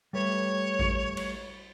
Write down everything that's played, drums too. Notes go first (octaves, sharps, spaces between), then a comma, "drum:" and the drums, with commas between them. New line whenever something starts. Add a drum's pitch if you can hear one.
G3 A3 B4 C#5
drum: kick A1
drum: cymbal